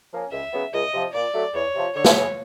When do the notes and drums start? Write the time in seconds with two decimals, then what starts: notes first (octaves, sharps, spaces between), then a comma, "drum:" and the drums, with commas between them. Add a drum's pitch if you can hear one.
0.12 F3 A#3 C#4
0.32 C#2 E5
0.53 C#3 F#3 B3
0.73 C#2 D#5
0.93 C3 F3
1.13 A#2 D5
1.34 F#3 A3
1.54 E2 C#5
1.74 C3 F3
1.94 D3 C#5
2.04 drum: snare
2.15 F#3 B3 E4 G#4